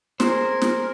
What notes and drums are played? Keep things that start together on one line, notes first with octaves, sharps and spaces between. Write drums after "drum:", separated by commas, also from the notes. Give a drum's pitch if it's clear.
G#4 A#4 C5, drum: snare
drum: snare